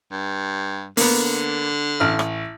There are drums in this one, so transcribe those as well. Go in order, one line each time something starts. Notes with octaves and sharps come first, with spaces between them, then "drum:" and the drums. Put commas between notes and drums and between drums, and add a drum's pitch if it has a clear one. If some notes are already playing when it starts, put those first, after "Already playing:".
G2
D3 A#3 B3, drum: open hi-hat
A1 F6
drum: rim click